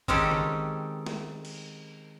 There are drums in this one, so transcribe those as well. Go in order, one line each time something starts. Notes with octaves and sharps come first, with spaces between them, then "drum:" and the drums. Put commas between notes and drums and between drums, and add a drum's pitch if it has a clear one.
D#3 G#3 C4 C#4 G4 A4, drum: kick G#1
drum: tom
drum: snare
drum: cymbal